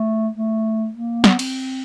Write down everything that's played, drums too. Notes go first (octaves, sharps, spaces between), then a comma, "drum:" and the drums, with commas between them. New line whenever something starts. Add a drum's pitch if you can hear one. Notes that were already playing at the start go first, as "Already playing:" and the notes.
Already playing: A3
A3
A#3
B3, drum: snare
C4, drum: cymbal